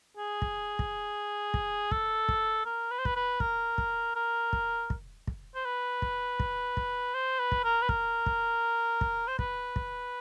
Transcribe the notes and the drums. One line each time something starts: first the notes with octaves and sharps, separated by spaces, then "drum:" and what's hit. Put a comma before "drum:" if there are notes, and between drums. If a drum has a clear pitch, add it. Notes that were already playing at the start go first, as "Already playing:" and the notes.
G#4
drum: kick
drum: kick
drum: kick
A4, drum: kick
drum: kick
A#4
B4
C5
B4, drum: kick
B4
A#4, drum: kick
drum: kick
A#4
drum: kick
drum: kick
drum: kick
C5
B4
drum: kick
drum: kick
drum: kick
C5
B4
drum: kick
A#4
B4
A#4, drum: kick
drum: kick
drum: kick
C5
B4, drum: kick
drum: kick